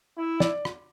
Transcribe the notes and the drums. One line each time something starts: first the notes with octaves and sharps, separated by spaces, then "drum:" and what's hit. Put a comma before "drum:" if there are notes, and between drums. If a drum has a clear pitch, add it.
E4
D5, drum: snare
drum: rim click